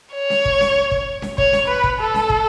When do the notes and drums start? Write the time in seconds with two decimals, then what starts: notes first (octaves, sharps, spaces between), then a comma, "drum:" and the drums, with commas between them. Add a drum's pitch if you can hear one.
0.14 C#5
0.30 drum: snare C#4
0.45 drum: kick
0.61 drum: snare C#4
0.91 drum: kick
1.22 drum: snare C#4
1.38 C#5, drum: kick
1.53 drum: snare C#4
1.68 B4
1.84 drum: kick
1.99 A4
2.14 drum: snare C#4
2.30 drum: kick